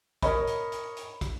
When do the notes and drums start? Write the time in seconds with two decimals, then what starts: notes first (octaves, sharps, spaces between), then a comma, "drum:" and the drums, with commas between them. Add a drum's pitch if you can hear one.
0.22 A#4 C#5 D#5 B5, drum: kick, hi-hat
0.47 drum: hi-hat
0.72 drum: hi-hat
0.97 drum: hi-hat
1.21 drum: kick, hi-hat